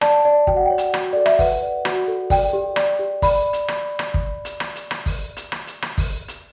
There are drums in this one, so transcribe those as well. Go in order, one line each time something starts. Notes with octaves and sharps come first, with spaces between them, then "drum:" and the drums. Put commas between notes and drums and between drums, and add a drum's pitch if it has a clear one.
D5 A5, drum: rim click
D5
F#4 G5, drum: kick
F#5
C#5 G5
drum: hi-hat
F#4, drum: rim click
A4 D5
E5, drum: rim click
B4 F#5, drum: kick, open hi-hat
D5
F#4, drum: rim click
A4
D5 G5, drum: kick, open hi-hat
G4
D5, drum: rim click
G4
D5 B5, drum: kick, open hi-hat
drum: hi-hat
drum: rim click
drum: rim click
drum: kick
drum: hi-hat
drum: rim click
drum: hi-hat
drum: rim click
drum: kick, open hi-hat
drum: hi-hat
drum: rim click
drum: hi-hat
drum: rim click
drum: kick, open hi-hat
drum: hi-hat